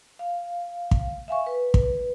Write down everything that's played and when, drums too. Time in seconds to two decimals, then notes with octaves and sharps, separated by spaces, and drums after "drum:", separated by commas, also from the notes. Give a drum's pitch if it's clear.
0.19 F5
0.91 drum: kick
1.28 E5 F5 G#5 C#6
1.46 B4
1.74 drum: kick